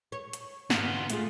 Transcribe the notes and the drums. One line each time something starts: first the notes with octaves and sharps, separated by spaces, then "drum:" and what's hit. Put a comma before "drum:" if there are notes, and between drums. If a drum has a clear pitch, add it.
C#5
drum: hi-hat
B3 F4, drum: snare
A3 F4 G#4, drum: hi-hat